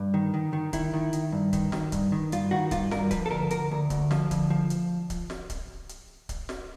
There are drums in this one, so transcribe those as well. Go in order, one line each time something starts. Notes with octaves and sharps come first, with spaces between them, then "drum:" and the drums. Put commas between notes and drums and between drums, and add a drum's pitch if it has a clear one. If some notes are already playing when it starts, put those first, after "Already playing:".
Already playing: G2
D#3
D#3
D#3
D#3 E4, drum: kick C#1, hi-hat
D#3
D#3, drum: hi-hat
G2
D#3, drum: kick C#1, hi-hat
D#3, drum: snare
G2, drum: kick C#1, hi-hat
D#3
G2 F4, drum: hi-hat
D#3 F#4
G2 F4, drum: kick C#1, hi-hat
G2 A#4, drum: snare
F3 B4, drum: kick C#1, hi-hat
A4
D2 A#4
D2 A#4, drum: hi-hat
D2
D2, drum: kick C#1, hi-hat
F3, drum: snare
D2, drum: kick C#1, hi-hat
F3
drum: hi-hat
drum: kick C#1, hi-hat
drum: snare
drum: kick C#1, hi-hat
drum: hi-hat
drum: kick C#1, hi-hat
drum: snare